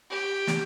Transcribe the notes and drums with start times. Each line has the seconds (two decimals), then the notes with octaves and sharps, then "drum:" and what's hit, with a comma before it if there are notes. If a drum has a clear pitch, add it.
0.10 G4
0.47 drum: snare